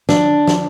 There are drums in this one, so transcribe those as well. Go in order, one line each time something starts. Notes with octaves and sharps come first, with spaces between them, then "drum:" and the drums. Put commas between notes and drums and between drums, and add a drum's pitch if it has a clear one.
D4, drum: snare
drum: snare